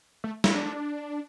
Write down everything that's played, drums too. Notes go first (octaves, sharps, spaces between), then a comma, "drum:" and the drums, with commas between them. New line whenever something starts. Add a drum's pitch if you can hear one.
A3
E4, drum: snare
D4